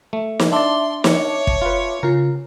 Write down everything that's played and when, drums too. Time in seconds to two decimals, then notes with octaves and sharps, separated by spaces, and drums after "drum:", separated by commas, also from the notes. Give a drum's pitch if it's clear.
0.13 A3
0.39 drum: snare
0.52 D4 D5 E5 A5 C6 D6
1.04 C#5, drum: snare
1.47 drum: kick
1.62 F4 B4
2.03 C#3 F4 A#4